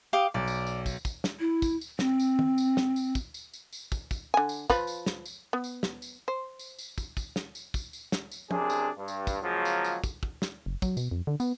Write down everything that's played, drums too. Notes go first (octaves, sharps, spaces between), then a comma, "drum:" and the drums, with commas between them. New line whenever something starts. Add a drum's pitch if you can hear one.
G4 F5 D#6
B1 D5
drum: tambourine
drum: tambourine
drum: kick, tambourine
drum: kick, tambourine
drum: snare
E4
drum: kick, tambourine
drum: tambourine
C4, drum: snare
drum: tambourine
drum: tom
drum: tambourine
drum: snare
drum: tambourine
drum: kick, tambourine
drum: tambourine
drum: tambourine
drum: tambourine
drum: kick, tambourine
drum: kick, tambourine
D3 G#5
drum: tambourine
F3 F4 B4, drum: kick, tambourine
drum: tambourine
drum: snare
drum: tambourine
B3
drum: tambourine
drum: snare
drum: tambourine
C5
drum: tambourine
drum: tambourine
drum: kick, tambourine
drum: kick, tambourine
drum: snare
drum: tambourine
drum: kick, tambourine
drum: tambourine
drum: snare
drum: tambourine
F#2 C3 D4 G#4, drum: tom
drum: tambourine
G2
drum: tambourine
drum: kick, tambourine
C#3 F3 F#3 G#3 A#3
drum: tambourine
drum: tambourine
drum: kick, tambourine
drum: kick
drum: snare
F#1
F#3, drum: kick, tambourine
B2, drum: tambourine
F2
D3
B3, drum: tambourine